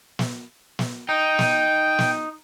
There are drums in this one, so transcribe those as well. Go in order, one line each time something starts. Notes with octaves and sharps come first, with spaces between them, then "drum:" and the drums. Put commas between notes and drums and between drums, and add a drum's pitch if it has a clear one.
drum: snare
drum: snare
D#4 G5
drum: snare
drum: snare